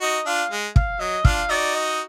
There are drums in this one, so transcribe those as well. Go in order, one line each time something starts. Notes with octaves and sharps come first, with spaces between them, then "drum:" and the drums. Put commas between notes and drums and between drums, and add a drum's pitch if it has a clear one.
D#4 F#4 D#5
D4 F4 F5
G#3
F5, drum: kick
F#3 D#5
D4 F4 F5, drum: kick
D#4 F#4 D5
D#5